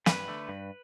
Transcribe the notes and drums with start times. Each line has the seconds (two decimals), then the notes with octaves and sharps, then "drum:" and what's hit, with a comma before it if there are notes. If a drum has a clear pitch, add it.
0.06 G2 B4, drum: snare
0.28 D3 A3
0.49 G2